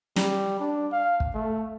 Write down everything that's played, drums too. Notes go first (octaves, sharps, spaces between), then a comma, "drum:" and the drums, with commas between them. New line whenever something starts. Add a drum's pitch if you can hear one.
G3, drum: snare
D4
F5
drum: kick
A3